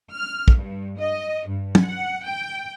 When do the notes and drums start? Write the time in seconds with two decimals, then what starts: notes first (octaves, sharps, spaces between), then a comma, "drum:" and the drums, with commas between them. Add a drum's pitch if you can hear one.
0.14 F6
0.48 drum: kick
0.57 G2
1.00 D#5
1.48 G2
1.75 drum: tom
1.84 F#5
2.26 G5